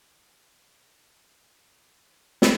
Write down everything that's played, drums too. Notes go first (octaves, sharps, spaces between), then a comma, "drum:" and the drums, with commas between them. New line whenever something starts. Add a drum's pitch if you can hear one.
G3 C4
drum: snare